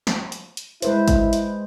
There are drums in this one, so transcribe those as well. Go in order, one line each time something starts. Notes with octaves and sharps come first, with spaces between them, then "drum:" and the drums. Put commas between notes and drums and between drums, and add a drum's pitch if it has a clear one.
drum: snare
drum: hi-hat
drum: hi-hat
G#3 E4 B4 C5, drum: hi-hat
drum: kick G#1, hi-hat
drum: hi-hat